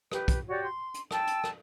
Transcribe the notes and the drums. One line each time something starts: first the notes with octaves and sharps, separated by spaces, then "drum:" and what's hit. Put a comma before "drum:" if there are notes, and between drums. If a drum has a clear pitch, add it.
G4 B4, drum: rim click
drum: kick, hi-hat
F#4 G4 C#5 D5
C6
drum: hi-hat
G5 A5 E6, drum: rim click
drum: hi-hat
drum: rim click